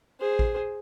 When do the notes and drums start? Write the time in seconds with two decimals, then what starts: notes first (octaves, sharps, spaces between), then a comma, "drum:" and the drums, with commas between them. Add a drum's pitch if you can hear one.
0.20 G#4 C5
0.39 drum: kick A1